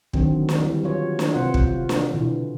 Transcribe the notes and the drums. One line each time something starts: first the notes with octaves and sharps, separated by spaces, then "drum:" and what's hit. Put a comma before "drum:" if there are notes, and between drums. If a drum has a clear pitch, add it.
D3 D#3 F#3 C4, drum: kick
drum: snare
E3 G3
F#3 F4 C#5
drum: snare
C3 B3 F4 C5 F#5
drum: kick
F4
drum: snare
B2 D3 E3